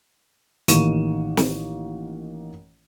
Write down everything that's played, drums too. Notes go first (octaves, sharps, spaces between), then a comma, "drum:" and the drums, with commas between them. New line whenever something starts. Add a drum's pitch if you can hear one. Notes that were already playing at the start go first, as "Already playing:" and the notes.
A1 D#3 A#3 C#6 D#7 E7, drum: hi-hat
drum: snare